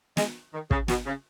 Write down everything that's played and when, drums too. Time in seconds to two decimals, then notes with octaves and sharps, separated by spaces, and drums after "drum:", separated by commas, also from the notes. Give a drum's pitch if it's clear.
0.17 G#3, drum: snare
0.53 D#3
0.71 C#3, drum: kick
0.88 B2, drum: snare
1.06 C#3